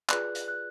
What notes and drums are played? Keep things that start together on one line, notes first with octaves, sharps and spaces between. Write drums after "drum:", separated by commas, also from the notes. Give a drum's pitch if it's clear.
F4 G#4 B4 D5 F#6, drum: clap
drum: hi-hat
F#6